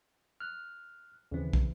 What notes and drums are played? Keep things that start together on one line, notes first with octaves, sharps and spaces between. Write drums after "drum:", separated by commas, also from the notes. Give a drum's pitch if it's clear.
F6 F#6
D#2 C#3 E3 C4
drum: kick